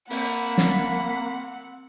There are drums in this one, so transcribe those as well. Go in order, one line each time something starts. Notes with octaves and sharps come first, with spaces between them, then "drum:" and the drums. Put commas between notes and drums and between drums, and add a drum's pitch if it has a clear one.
A#3 C4 F#5 B5, drum: open hi-hat
drum: snare